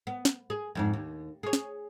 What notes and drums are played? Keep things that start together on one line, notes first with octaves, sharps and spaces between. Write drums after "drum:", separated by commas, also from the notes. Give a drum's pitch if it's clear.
B3
drum: snare
G#4
F2 G#2 D4
D#2
G#4 C#5
drum: snare